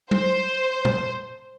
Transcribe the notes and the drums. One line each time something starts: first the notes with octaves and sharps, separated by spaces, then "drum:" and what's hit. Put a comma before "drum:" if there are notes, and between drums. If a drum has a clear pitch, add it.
C5, drum: tom F#3
drum: tom